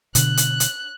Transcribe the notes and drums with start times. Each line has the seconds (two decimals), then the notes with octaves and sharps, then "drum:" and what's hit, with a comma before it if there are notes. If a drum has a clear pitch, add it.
0.15 B2 D3 F#6, drum: hi-hat
0.37 drum: hi-hat
0.60 drum: hi-hat